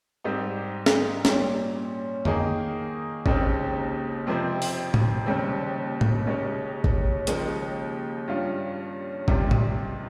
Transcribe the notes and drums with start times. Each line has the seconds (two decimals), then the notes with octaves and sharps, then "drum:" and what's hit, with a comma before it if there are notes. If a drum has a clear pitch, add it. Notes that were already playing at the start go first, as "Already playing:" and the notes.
0.24 G#2 G3 C4 D#4 G4
0.86 drum: snare
1.25 A#2 G3 C#4, drum: snare
2.25 D#3 A#3 D#4 G#4, drum: tom F2
3.26 D#2 C#3 G#3 C4 D#4, drum: kick G#1
4.27 F2 C3 F3 C4
4.62 drum: open hi-hat
4.94 drum: tom A2
5.26 D#2 C#3 G3 C4
6.01 drum: tom A2
6.27 D#2 C#3 G#3 C#4
6.84 drum: kick G#1
7.27 D#2 C#3 F3 G#3, drum: hi-hat
8.28 G2 G3 C#4 F4
9.28 C#2 C3 G3, drum: kick G#1
9.51 drum: tom A2